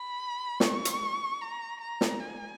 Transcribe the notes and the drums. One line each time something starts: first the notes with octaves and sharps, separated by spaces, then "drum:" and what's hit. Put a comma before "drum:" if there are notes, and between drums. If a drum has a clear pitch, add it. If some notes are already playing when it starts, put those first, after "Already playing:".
Already playing: B5
C#6, drum: snare
drum: hi-hat
A#5
A#5
drum: snare
G#5